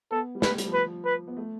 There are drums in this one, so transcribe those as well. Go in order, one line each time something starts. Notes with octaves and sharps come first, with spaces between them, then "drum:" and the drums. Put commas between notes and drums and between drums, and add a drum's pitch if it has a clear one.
B3 A4
G3
A3 B4, drum: snare
G3, drum: hi-hat
F3
B4
F3
B4
B3
A3